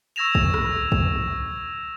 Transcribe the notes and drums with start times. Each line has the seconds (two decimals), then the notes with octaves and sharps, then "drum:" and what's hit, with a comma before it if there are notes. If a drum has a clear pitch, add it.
0.16 C#6 E6 G#6 A#6 E7 F7
0.35 drum: kick
0.54 drum: rim click
0.92 drum: kick